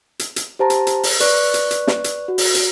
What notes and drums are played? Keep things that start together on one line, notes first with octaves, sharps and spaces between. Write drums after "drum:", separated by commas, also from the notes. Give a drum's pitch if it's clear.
drum: hi-hat
drum: hi-hat
G4 C5 A5 A#5
drum: hi-hat
drum: hi-hat
drum: open hi-hat
B4 D5 C#6 F#6, drum: hi-hat
drum: hi-hat
drum: hi-hat
drum: snare
drum: hi-hat
F#4
drum: open hi-hat
drum: hi-hat